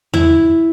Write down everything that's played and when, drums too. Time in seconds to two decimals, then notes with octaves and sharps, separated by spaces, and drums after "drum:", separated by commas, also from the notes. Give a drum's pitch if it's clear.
0.14 E4, drum: tom E2